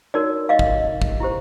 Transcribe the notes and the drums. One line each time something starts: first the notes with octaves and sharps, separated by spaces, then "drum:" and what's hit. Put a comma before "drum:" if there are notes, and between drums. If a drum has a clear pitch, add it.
D#4 F#4 A#4 C#5 D5
D#5 F5
drum: kick
drum: kick
E4 G4 C5